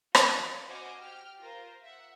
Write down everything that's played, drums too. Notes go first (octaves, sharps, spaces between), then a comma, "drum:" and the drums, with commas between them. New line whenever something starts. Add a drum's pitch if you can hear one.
C#4 F4 F#4 C#5 D5, drum: rim click
F#4 C5 D#5 G#5 D6 F6
G4 G5 F6
F4 A#4 C5
E5 F#5